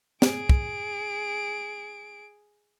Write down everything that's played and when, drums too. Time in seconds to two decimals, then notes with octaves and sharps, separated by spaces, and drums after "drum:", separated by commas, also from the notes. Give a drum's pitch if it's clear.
0.22 G#4 D7, drum: snare
0.50 drum: kick